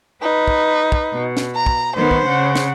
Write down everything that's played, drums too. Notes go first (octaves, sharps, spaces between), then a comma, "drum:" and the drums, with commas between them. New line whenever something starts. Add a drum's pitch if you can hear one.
D#4 B4
drum: kick
drum: kick
B2
drum: snare
A#5
drum: kick
D#3 B3 C5
drum: kick
C#3 F#5
drum: snare